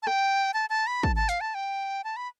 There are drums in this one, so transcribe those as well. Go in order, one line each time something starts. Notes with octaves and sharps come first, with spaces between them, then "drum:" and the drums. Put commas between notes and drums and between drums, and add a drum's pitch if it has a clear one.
A5
G5, drum: rim click
A5
A5
B5
A5, drum: kick
A5
F5, drum: hi-hat
A5
G5
A5
B5